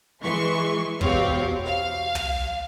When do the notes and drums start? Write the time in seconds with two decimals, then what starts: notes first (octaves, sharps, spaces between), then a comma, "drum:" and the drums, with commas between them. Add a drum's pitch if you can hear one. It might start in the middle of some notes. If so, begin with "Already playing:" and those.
0.21 E3 G#3 C6 C#6
1.01 E2 B2 C4 G4 C#5 F5, drum: kick
1.65 F5
2.15 drum: tom